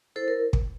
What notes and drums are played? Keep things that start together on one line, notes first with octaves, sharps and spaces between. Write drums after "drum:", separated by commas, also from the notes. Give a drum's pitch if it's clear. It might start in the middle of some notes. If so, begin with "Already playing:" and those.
E4 A4 C5
A#4
drum: kick